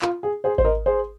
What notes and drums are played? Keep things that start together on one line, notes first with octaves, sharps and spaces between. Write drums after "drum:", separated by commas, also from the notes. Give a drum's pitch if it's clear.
F4, drum: clap
G#4
G#4 C5
C5, drum: kick G#1
A#4 D#5
G#4 C5